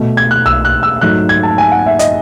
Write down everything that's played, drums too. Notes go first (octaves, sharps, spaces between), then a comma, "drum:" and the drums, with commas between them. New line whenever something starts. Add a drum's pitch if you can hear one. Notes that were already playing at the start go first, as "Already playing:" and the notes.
Already playing: B2 A3
G#6
F#6
E6, drum: tom B1
F#6
E6
G#2 F#3 A3 F#6
G#6
A5
G#5
F#5
E5
D#5, drum: hi-hat